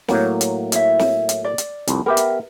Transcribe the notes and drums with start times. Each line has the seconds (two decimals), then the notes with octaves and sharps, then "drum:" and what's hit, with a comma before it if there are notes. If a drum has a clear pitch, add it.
0.08 A2 F#3 A#3, drum: snare
0.41 drum: hi-hat
0.72 E4 E5, drum: hi-hat
0.99 drum: snare
1.29 drum: hi-hat
1.44 D5
1.58 drum: hi-hat
1.87 C2 F2, drum: hi-hat
2.06 B3 G4 A#4 E5
2.17 drum: hi-hat